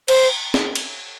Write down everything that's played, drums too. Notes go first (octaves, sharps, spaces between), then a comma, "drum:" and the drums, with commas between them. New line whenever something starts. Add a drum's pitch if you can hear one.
C5, drum: cymbal
drum: snare
drum: cymbal